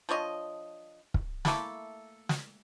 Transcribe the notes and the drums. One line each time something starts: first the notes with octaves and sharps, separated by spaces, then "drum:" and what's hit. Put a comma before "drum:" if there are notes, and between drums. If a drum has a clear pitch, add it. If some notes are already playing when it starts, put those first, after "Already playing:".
F3 D4 C#5 D#5
drum: kick
A3 A#3 E4 A4, drum: snare
drum: snare